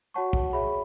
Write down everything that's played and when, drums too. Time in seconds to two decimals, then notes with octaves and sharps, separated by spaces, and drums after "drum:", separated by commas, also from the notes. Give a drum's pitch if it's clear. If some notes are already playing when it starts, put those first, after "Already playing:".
0.14 F#4 C#5 F#5 A5 C#6
0.33 drum: kick
0.53 G#4 C#5 E5 B5